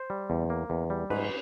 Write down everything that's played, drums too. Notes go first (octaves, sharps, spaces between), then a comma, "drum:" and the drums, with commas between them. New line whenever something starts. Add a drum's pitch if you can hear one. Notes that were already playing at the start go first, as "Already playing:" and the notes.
Already playing: C5
G3
E2
A#3
E2
G3
G#2 B4, drum: cymbal